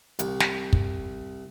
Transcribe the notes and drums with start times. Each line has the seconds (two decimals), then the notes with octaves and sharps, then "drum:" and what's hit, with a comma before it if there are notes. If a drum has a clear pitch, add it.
0.19 C2, drum: hi-hat
0.40 drum: snare
0.73 drum: kick